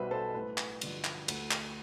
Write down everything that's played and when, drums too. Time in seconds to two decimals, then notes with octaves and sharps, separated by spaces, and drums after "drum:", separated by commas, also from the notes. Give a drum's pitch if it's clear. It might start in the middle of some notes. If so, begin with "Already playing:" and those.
Already playing: B1 B2 G3 B4 C5 E5
0.11 A4 C5
0.34 A1 B4
0.58 drum: clap
0.81 G2 D3 F3, drum: cymbal
1.04 drum: clap
1.28 D2, drum: cymbal
1.51 drum: clap